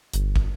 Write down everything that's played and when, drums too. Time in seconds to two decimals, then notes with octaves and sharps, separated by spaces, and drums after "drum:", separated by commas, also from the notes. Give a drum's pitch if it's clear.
0.13 G1, drum: hi-hat
0.36 drum: kick